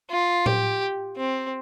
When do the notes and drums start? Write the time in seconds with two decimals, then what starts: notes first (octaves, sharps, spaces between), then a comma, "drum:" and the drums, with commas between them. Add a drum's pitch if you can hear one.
0.10 F4
0.46 G4, drum: tom A2
1.17 C4